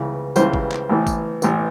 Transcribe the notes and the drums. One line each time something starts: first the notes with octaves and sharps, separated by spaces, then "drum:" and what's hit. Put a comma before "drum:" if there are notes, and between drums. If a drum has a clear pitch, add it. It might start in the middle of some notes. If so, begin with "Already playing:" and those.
Already playing: C#2 C#3 E3
C#2 C#3 E3 C5, drum: tambourine
drum: kick
drum: clap
A1 A2 E3
drum: kick, tambourine
A1 A2 E3, drum: tambourine